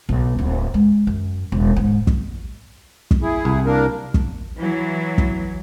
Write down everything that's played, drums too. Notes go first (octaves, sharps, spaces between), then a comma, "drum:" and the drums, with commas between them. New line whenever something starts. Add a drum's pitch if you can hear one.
B1
D1
G#3
F#2
E1
G#2
drum: kick
drum: kick
E4 G#4
C2
A#3 D4 A#4
drum: kick
E3 F#3
drum: kick